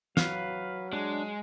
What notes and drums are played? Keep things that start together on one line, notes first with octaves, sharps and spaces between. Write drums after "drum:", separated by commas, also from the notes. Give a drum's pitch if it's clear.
F#3 B4 F5, drum: snare
G#3 D4